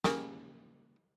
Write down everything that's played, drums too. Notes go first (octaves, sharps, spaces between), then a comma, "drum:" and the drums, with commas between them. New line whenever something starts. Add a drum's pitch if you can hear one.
C#3 A#3 G4, drum: snare